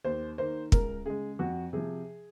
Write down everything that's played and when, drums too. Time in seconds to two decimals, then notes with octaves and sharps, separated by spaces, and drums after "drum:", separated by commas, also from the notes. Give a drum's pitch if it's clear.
0.05 D#2 C5
0.38 D#3 A#3 C5
0.72 C#2 A#4, drum: kick
1.06 C#3 G#3 G#4
1.39 F2 F#4
1.73 C3 F3 G#4